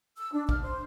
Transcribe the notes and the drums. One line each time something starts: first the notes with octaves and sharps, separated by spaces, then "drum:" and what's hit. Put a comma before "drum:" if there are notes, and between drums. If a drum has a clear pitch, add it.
E6
D4
F6, drum: kick
C5